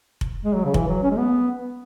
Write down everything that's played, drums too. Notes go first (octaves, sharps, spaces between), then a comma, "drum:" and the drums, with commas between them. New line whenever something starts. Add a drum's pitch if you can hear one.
drum: kick F1
G#3
F#3
C#3
E3, drum: kick F1
F#3
C#4
G#3
B3